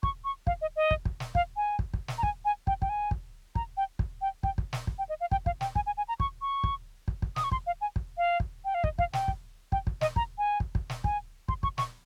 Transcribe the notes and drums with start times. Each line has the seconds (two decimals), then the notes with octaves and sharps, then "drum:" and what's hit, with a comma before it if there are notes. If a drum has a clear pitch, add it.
0.03 C#6, drum: kick
0.25 C#6
0.47 F5, drum: kick
0.61 D#5
0.76 D#5
0.91 drum: kick
1.05 drum: kick
1.20 drum: snare
1.35 F5, drum: kick
1.56 G#5
1.79 drum: kick
1.94 drum: kick
2.08 drum: snare
2.18 A#5
2.23 G#5, drum: kick
2.45 G#5
2.67 G5, drum: kick
2.82 G5, drum: kick
2.89 G#5
3.11 drum: kick
3.55 A#5, drum: kick
3.77 G5
3.99 drum: kick
4.21 G5
4.43 G5, drum: kick
4.58 drum: kick
4.73 drum: snare
4.87 drum: kick
4.98 G5
5.09 D#5
5.20 F5
5.31 G5, drum: kick
5.46 F5, drum: kick
5.61 G5, drum: snare
5.75 G#5, drum: kick
5.86 G#5
5.97 G#5
6.08 A#5
6.20 C#6, drum: kick
6.41 C#6
6.64 drum: kick
7.08 drum: kick
7.22 drum: kick
7.36 D#6, drum: snare
7.44 C#6
7.52 C6, drum: kick
7.67 F5
7.81 G#5
7.96 drum: kick
8.18 F5
8.40 drum: kick
8.65 G5
8.74 F5
8.84 D#5, drum: kick
8.99 F5, drum: kick
9.13 G5, drum: snare
9.28 drum: kick
9.72 G5, drum: kick
9.87 drum: kick
10.01 D#5, drum: snare
10.16 A#5, drum: kick
10.38 G#5
10.60 drum: kick
10.75 drum: kick
10.90 drum: snare
11.04 G#5, drum: kick
11.48 C6, drum: kick
11.63 C#6, drum: kick
11.78 C#6, drum: snare